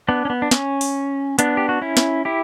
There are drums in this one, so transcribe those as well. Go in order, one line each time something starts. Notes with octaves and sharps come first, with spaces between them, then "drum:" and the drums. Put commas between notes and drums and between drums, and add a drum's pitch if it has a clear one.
B3 D4
C#4
B3
D4
C#4, drum: snare
drum: open hi-hat
B3 D4, drum: hi-hat
G4
F#4
C#4 E4
drum: snare
E4 G4